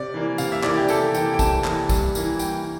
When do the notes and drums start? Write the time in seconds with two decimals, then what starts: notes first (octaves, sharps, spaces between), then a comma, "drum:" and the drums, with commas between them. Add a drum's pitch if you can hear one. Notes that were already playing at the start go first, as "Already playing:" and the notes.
Already playing: C3 D5
0.14 E3 A#3
0.38 C3 F5, drum: tambourine
0.52 E5
0.63 E3 A#3 D5, drum: clap
0.77 G4
0.88 C3 A4, drum: tambourine
1.15 E3 A#3 G5, drum: tambourine
1.34 G5
1.39 C3 A5, drum: kick, tambourine
1.64 E3 A#3, drum: clap
1.89 G2, drum: kick, tambourine
2.15 E3 A#3, drum: tambourine
2.39 G2 G5, drum: tambourine